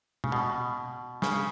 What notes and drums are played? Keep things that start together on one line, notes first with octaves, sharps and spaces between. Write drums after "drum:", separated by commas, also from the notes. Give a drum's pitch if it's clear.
C#3, drum: tom B2
B2
C#3, drum: snare